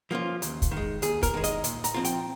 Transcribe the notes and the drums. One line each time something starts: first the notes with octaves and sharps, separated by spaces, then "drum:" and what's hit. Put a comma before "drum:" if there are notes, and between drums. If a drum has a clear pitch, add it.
F3 A#3 C#4 F4
D#2, drum: hi-hat
drum: kick, hi-hat
D#3
G#3
D#2 G#4, drum: hi-hat
A#4, drum: kick, hi-hat
D#3 G#3
D#5, drum: hi-hat
A#2, drum: hi-hat
A#5, drum: hi-hat
F3 C4 F4
G5, drum: hi-hat